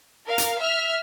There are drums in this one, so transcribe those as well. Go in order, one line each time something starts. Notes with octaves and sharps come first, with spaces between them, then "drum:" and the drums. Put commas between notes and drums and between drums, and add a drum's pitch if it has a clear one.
A#4 F5
drum: hi-hat
E5 F6